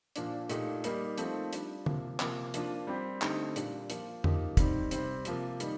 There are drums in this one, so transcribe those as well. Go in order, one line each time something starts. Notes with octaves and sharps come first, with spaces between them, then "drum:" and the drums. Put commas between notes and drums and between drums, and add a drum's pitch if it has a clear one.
A#2 F3 A#3 D4, drum: hi-hat
A#2 A3 D#4 G4, drum: hi-hat
G3 A#3 D#4 G4, drum: hi-hat
F3 A3 C4 D#4, drum: hi-hat
G3 D4 F4, drum: hi-hat
C3 F3 A#3, drum: tom
C3 F3 A#3, drum: clap
F3 A#3 D4 F4, drum: hi-hat
G3 C4 G4
D3 A3 C4 D#4 G4, drum: clap
A#2 G3 D4 G4, drum: hi-hat
F3 A#3 F4, drum: hi-hat
F3 A#3 D#4 G4, drum: tom F2
D#3 G3 C4, drum: kick, hi-hat
C3 G3 C4, drum: hi-hat
C3 F3 A#3 F4, drum: hi-hat
D#3 G3 A#3 D#4, drum: hi-hat